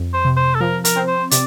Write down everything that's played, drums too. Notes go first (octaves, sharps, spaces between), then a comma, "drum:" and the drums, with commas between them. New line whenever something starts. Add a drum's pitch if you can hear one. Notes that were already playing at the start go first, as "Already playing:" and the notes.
Already playing: F2
C5
C3
C5
A4
F3 A#4
A#4, drum: hi-hat
C4
C5
C3 D5, drum: hi-hat